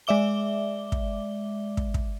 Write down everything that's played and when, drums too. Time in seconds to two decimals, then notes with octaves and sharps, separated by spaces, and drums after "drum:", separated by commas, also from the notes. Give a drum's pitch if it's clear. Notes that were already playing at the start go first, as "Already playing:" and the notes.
0.07 G#3 D5 E5 D6 G7
0.92 drum: kick
1.77 drum: kick
1.94 drum: kick